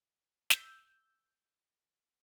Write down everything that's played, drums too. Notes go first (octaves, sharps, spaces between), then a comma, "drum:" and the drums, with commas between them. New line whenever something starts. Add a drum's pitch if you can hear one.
E6 G6, drum: snare